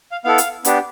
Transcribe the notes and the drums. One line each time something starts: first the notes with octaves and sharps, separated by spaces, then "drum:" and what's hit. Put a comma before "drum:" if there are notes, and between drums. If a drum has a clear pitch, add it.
F5
B3 E4 A4 F5
drum: hi-hat
B3 D4 G4, drum: hi-hat